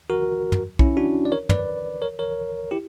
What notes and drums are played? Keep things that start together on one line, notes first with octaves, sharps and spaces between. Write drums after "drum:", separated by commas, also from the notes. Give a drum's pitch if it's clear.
F#4 A#4
drum: tom
C#4 E4, drum: kick
D4 F#4
D5
A#4 C#5
B4 D5, drum: tom
A#4 C#5
A#4 C#5
E4 G4